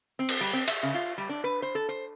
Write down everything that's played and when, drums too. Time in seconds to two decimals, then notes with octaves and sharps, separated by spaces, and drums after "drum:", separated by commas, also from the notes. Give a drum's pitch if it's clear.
0.19 C4
0.29 drum: cymbal
0.41 G3
0.53 C4
0.68 E5, drum: cymbal
0.83 C#3
0.94 F4
1.18 G3
1.29 D4
1.44 B4
1.62 C5
1.75 A4
1.89 C5